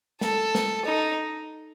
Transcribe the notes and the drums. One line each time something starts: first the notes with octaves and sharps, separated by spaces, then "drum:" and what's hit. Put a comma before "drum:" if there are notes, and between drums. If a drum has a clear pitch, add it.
A4, drum: snare
drum: snare
D#4